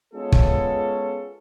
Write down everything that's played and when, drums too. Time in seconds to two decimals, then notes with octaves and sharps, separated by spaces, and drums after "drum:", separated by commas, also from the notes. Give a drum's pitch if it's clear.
0.14 G#3 B3 C#4 F4 G#4 A4
0.32 drum: kick